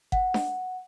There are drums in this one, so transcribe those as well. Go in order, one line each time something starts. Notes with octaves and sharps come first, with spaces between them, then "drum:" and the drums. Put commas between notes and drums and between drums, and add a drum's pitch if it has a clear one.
F#5, drum: kick G1
drum: snare D4